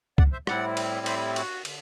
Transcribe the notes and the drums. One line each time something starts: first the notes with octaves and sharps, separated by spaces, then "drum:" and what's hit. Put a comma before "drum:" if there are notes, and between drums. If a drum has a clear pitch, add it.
D5 F#5, drum: kick
C5 E5
A2 G3 C4 E4 D5 F#5, drum: rim click
drum: cymbal
C5 E5, drum: cymbal
F#4, drum: cymbal
D3, drum: cymbal